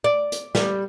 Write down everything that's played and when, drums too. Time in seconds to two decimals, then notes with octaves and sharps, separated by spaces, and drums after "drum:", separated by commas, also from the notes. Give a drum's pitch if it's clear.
0.04 D5
0.32 drum: hi-hat
0.55 G3, drum: snare